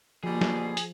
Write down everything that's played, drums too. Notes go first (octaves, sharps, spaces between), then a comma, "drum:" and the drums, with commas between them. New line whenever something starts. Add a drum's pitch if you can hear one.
B2 D3 F3 G3 A#3 G#4
drum: snare
drum: hi-hat